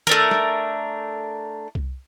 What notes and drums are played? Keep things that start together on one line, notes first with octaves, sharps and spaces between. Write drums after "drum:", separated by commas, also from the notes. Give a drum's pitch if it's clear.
A3 D4 A#4, drum: tom
drum: snare
drum: kick C2